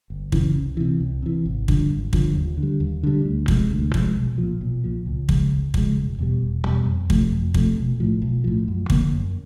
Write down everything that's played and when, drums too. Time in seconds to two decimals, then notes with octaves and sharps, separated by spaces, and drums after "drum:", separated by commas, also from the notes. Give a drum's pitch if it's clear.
0.10 G1
0.32 F#2 C#3 E3, drum: kick
0.56 C2
0.77 C3 E3
1.00 C2
1.22 C3 E3
1.45 G#1
1.68 G2 D3 F3, drum: kick
1.90 G#1
2.13 G2 D3 F3, drum: kick
2.35 D#2
2.57 D3
2.63 G3
2.80 D#2
3.03 D3 G3
3.25 D2
3.48 C3 F3 G#3, drum: kick
3.71 D2
3.94 C3 F3 G#3, drum: kick
4.15 B1
4.38 F3
4.43 A#2
4.61 B1
4.84 A#2 F3
5.06 C#2
5.29 C#3 F3 G#3, drum: kick
5.51 C#2
5.74 C#3 F3 G#3, drum: kick
5.96 E1
6.18 E2 B2 G3
6.42 E1
6.64 E2 B2 G3
6.86 F2
7.10 C3 F3 A3, drum: kick
7.31 F2
7.54 C3 F3 A3, drum: kick
7.76 B1
8.00 A2 F3
8.22 B1
8.44 A2 F3
8.68 F#2
8.90 D3 F3 A#3, drum: kick
9.13 F#2